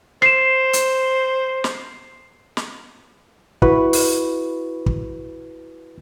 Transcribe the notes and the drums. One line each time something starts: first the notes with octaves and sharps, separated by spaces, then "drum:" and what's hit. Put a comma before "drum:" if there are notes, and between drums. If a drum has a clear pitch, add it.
C5 C7 E7, drum: rim click
drum: hi-hat
drum: snare
drum: snare
E4 F#4 B4 B5 C#6, drum: kick
drum: open hi-hat
drum: kick